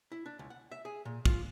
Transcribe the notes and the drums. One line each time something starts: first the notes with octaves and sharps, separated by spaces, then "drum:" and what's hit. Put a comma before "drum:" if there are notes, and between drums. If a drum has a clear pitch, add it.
E4
D4
C#2
F#5
E5
G#4
A#2
F4, drum: kick